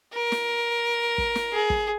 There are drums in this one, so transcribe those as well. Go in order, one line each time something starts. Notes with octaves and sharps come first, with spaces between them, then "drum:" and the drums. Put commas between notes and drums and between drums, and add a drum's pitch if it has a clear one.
A#4
drum: snare
drum: kick
drum: snare
G#4
drum: kick